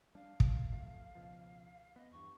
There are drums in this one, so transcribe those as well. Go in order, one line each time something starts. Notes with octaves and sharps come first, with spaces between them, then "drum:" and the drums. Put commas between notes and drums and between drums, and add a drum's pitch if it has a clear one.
G3 D4 F5
C2 F#2, drum: kick
A1 F2 A3
C#2 B2 F3
B3 D#5
E2 G2 C#6